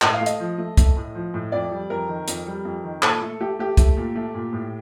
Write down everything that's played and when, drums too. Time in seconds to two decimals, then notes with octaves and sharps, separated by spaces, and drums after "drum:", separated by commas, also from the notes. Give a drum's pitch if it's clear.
0.02 A2 D#5, drum: clap
0.14 F5
0.21 A3
0.26 D#5, drum: hi-hat
0.40 F3
0.58 A3
0.77 A3, drum: kick, hi-hat
0.97 A2
1.15 F3
1.34 A2
1.52 F2 D5
1.71 G3
1.90 F2 A#4
2.08 D#3
2.28 F2, drum: hi-hat
2.47 G3
2.65 F2
2.84 D#3
3.03 A#2 A4, drum: clap
3.22 A3
3.40 A3 G4
3.59 A3 G4
3.77 A3, drum: kick, hi-hat
3.97 A#2
4.15 A3
4.35 A#2
4.53 A2